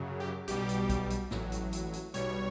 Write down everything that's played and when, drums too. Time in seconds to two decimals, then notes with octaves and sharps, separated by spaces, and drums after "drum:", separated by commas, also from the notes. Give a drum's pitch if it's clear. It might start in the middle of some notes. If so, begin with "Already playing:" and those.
Already playing: F#2 C#3 F#3
0.20 G4
0.48 B1 B2 G3 G4, drum: hi-hat
0.69 drum: hi-hat
0.90 drum: kick B1, hi-hat
1.10 drum: hi-hat
1.31 A1 A2 F#3, drum: snare
1.52 drum: hi-hat
1.73 drum: hi-hat
1.93 drum: hi-hat
2.14 B1 B2 G3 C#5, drum: hi-hat